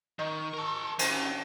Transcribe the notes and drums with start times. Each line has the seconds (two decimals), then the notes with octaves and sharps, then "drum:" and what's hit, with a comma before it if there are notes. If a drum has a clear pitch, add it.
0.19 D#3 D#5 C#6
0.54 A#4 A5
0.99 D#3 C#4 C5, drum: cymbal